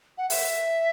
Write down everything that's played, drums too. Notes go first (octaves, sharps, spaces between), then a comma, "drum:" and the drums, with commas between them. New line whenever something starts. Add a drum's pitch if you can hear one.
F#5
E5, drum: open hi-hat